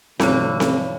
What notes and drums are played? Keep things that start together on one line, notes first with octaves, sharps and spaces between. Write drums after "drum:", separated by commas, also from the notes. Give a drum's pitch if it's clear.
B1 G2 D3 E3 A3 F4 C#5, drum: snare C4
drum: snare C4